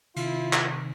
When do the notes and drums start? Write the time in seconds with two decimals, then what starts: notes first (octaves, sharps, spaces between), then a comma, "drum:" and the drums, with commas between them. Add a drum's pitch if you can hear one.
0.16 C3 D#3 E4 F4, drum: cymbal
0.53 drum: clap